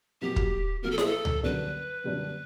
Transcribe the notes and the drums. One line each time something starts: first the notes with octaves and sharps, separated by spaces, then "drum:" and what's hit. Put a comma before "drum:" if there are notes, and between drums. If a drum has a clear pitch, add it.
B2 F#3 A#3 G4
drum: kick
B2 F#3 A#3 A#4
A4
G#4, drum: snare E4
A4
drum: tom C#2
F#2 D3 G3 A#3 D4 B4
F#2 D3 G3 A#3 D4